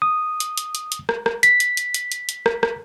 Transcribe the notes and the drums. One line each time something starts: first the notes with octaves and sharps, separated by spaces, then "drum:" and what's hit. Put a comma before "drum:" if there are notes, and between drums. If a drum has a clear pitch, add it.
D#6
drum: hi-hat
drum: hi-hat
drum: hi-hat
drum: hi-hat
drum: rim click
drum: rim click
B6, drum: hi-hat
drum: hi-hat
drum: hi-hat
drum: hi-hat
drum: hi-hat
drum: hi-hat
drum: rim click
drum: rim click